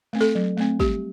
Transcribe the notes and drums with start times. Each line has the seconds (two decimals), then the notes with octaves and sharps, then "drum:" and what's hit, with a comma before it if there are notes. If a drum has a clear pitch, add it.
0.13 A3 C4
0.21 A4
0.35 F#3
0.57 A3 C4
0.80 G3 G4, drum: kick